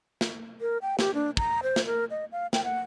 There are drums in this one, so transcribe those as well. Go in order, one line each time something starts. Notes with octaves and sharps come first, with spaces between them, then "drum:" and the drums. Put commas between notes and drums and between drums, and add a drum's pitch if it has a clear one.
drum: snare
A#4
G5
G4, drum: snare
D4
A#5, drum: kick
C5
drum: snare
A#4
D#5
F5
G5, drum: snare
F#5